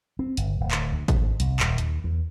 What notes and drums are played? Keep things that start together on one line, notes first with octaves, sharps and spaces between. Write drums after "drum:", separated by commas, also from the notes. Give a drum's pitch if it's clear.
C4
G1, drum: hi-hat
D1
drum: clap
D2
C3, drum: kick G#1, hi-hat
G#2
C2, drum: hi-hat
D#1, drum: clap
D#2, drum: hi-hat
E2